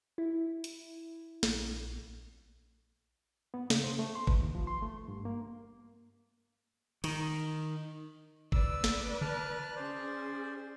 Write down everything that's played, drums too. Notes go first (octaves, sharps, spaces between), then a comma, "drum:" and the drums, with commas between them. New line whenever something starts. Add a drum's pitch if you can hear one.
E4
drum: hi-hat
A#1, drum: snare
B3
C#3, drum: snare
C5
A3
C6
B4, drum: kick
D#2
F3
C6
A3
G2
A#3
D#3, drum: cymbal
B4 D5 E6, drum: kick
drum: snare
A5 F6 F#6, drum: tom C#3
C#4 G#4 C5 D5